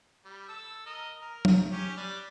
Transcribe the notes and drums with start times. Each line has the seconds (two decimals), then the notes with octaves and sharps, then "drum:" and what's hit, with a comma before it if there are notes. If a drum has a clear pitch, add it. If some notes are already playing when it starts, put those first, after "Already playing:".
0.25 G3
0.49 A4 E6
0.86 A#4 D#5
1.22 A#4
1.45 drum: tom F#3
1.72 C#4 G4 C#5
1.97 G3 D4 D5